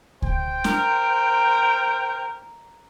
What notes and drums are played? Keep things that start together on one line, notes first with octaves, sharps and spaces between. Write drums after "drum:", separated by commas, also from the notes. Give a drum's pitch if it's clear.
C5 G5, drum: kick C#2
A#4, drum: snare